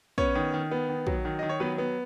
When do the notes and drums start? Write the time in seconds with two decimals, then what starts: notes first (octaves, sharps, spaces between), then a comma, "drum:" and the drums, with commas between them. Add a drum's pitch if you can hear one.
0.18 B3 C#4 C#5, drum: kick
0.35 D#3
0.53 D#3
0.71 B3
0.89 D#3
1.07 F#3, drum: kick
1.25 D#3
1.39 D#3 D#5
1.49 C#5
1.60 F#3 B3 B4
1.78 B3